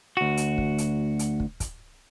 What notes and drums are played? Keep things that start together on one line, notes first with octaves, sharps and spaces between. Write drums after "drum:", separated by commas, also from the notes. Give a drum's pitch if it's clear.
D2 F#4
drum: hi-hat
drum: kick
drum: hi-hat
drum: hi-hat
drum: kick
drum: kick, hi-hat